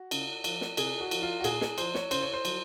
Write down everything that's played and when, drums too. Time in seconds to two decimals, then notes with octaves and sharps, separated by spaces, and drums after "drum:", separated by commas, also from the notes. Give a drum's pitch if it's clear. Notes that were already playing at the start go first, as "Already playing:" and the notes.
Already playing: F#4
0.11 C#3, drum: cymbal
0.44 F3, drum: cymbal
0.61 drum: snare
0.77 C3 G#4, drum: cymbal
1.00 F#4
1.11 F3, drum: cymbal
1.22 F4
1.40 F#4
1.44 A#2 G#4, drum: cymbal
1.61 G#4, drum: snare
1.78 F3 C5, drum: cymbal
1.94 C#5, drum: snare
2.11 C#3 C5, drum: cymbal
2.22 C#5
2.33 C5
2.45 F#3, drum: cymbal